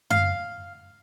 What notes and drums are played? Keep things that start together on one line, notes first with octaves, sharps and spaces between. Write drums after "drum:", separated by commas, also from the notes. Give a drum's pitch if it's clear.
F5, drum: tom F#2